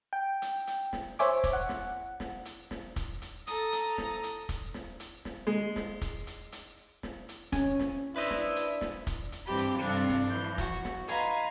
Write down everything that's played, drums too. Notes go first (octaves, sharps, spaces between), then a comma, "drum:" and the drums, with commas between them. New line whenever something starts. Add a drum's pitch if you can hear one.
G5
drum: hi-hat
drum: hi-hat
drum: snare
C5 C#5 E5 G#5 D6, drum: hi-hat
drum: kick F1, hi-hat
F#5
drum: snare
drum: snare
drum: hi-hat
drum: snare
drum: kick F1, hi-hat
drum: hi-hat
A4 A#5 D#6, drum: hi-hat
drum: hi-hat
drum: snare
drum: hi-hat
drum: kick F1, hi-hat
drum: snare
drum: hi-hat
drum: snare
G#3
drum: snare
drum: kick F1, hi-hat
drum: hi-hat
drum: hi-hat
drum: snare
drum: hi-hat
C#4 G#5, drum: kick F1, hi-hat
drum: snare
D4 E4 B4 C5 D#5 E5
drum: snare
drum: hi-hat
drum: snare
drum: kick F1, hi-hat
drum: hi-hat
G2 E3 C4 G4 A5 B5
drum: hi-hat
G2 C3 C4 D4 A4 F5
drum: snare
E3 F3 G6
F#4, drum: kick F1, hi-hat
drum: snare
D#4 B4 F5 G#5 A#5 C6, drum: hi-hat